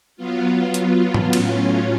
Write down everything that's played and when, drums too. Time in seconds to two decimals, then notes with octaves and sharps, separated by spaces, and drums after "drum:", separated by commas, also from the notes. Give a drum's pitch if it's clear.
0.16 F#3 B3 F4
0.74 drum: hi-hat
1.14 drum: tom
1.33 A2 F#3 C#4 F4, drum: cymbal